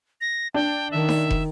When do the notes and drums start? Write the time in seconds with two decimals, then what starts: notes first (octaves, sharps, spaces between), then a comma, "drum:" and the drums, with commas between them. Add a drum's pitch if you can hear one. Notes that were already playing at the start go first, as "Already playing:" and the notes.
0.21 A#6
0.54 D4 G5
0.92 D#3 E5
1.09 drum: snare D#4
1.31 drum: kick